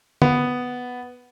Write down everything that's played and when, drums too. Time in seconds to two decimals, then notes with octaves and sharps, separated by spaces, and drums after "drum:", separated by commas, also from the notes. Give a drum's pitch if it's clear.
0.22 B3, drum: tom